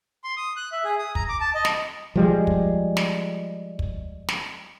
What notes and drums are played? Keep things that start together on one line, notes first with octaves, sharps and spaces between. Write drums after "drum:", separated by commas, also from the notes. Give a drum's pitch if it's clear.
C6
D#6
F#6
E5
G#4
D#6
A#5, drum: kick
D6
A5
D#5
drum: snare
F3 G3 G#3
drum: kick
drum: snare
drum: kick
drum: snare